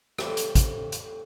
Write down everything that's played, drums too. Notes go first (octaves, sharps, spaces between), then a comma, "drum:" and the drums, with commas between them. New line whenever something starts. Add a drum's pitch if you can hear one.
F2 A2 E3 G3 C4, drum: rim click
drum: hi-hat
drum: kick, hi-hat
drum: hi-hat